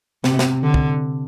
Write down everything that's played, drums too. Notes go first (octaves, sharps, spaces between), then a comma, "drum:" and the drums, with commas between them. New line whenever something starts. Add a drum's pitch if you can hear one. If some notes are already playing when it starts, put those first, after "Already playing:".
C3, drum: snare
drum: snare
D3
drum: kick